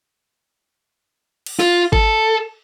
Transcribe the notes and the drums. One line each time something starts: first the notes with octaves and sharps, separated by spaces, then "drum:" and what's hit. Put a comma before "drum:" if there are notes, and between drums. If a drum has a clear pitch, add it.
drum: cymbal
F4, drum: snare
A4, drum: kick G#1